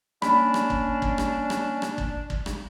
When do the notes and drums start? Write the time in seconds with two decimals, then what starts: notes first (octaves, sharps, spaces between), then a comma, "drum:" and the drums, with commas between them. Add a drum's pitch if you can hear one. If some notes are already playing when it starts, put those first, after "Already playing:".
0.22 A#3 C#4 D4 D5 B5, drum: rim click
0.54 drum: rim click
0.70 drum: kick
1.02 drum: kick
1.18 drum: rim click
1.50 drum: rim click
1.82 drum: rim click
1.98 drum: kick
2.30 drum: kick
2.46 drum: rim click